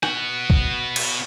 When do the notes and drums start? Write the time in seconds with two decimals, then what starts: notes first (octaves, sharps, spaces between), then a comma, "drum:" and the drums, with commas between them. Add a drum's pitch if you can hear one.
0.03 B3 F#4, drum: rim click
0.50 drum: kick
0.96 drum: cymbal